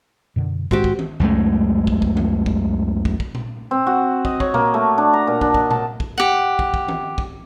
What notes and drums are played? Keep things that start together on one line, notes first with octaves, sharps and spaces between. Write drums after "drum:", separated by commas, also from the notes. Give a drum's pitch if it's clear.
F#2 B2 D3
G#2 D#3 G#3 C4 F#4 G4, drum: kick
drum: kick
drum: tom D#3
C#2 F#2 G#3 A3
drum: kick
drum: kick
drum: tom D#3
drum: kick
drum: kick
drum: kick
drum: tom A#2
C4
F#4
D#5, drum: kick
C#5, drum: kick
A#3, drum: tom A#2
A3
D4
A#5
A#2
D4, drum: kick
D#5, drum: kick
A5, drum: tom A#2
drum: kick
G4 F#5
drum: kick
drum: kick
drum: tom D#3
drum: kick